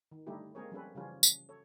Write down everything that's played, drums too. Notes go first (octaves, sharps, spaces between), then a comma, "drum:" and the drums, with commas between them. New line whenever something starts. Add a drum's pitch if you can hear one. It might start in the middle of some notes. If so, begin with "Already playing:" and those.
D#3
D3 G3 A3 D#4 E4 G4
G#3 A#3 C4 G#4 A#4 C#5
F3 G3 C4 C#4 A4 B4
C#3 E3 F3 G3 C#4 F4
drum: tambourine
A4 C#5